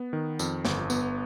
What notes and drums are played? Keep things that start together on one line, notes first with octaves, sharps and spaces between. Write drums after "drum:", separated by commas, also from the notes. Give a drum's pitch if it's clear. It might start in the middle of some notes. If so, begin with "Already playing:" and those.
Already playing: B3
D#3
F2, drum: tambourine
G1, drum: snare
B3, drum: tambourine